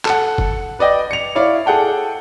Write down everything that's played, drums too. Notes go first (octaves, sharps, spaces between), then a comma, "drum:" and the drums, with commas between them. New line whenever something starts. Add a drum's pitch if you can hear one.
A4 F#5, drum: clap
drum: kick F#1
B4 D5 D#5 G5
C#7 F7
E4 C#5 D5 F5
G#4 A4 F#5 G5 A5